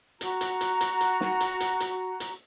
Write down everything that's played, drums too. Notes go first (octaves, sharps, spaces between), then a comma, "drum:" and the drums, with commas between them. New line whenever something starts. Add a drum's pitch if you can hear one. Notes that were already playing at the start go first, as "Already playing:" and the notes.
F#4 A#5, drum: hi-hat
drum: hi-hat
drum: hi-hat
drum: hi-hat
drum: hi-hat
drum: snare
drum: hi-hat
drum: hi-hat
drum: hi-hat
drum: hi-hat